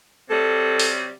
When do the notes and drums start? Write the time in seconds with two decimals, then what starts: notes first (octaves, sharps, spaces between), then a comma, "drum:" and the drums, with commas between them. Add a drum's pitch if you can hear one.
0.30 C3 F#3 G3 A4
0.79 drum: open hi-hat